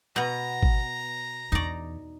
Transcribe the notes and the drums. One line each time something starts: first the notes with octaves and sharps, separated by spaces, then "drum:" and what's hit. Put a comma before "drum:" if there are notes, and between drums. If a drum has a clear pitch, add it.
B2 B3 A#5
drum: kick G#1
E2 D#4 D5